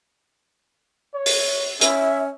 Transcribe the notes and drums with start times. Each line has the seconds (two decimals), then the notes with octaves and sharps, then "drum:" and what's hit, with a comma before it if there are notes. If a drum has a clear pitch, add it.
1.14 C#5
1.26 drum: open hi-hat
1.81 C#4 E5, drum: hi-hat